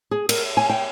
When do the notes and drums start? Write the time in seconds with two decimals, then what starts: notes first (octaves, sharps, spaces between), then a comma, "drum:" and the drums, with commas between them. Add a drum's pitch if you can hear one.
0.11 G#4
0.29 A#4, drum: cymbal
0.57 G#5
0.70 G5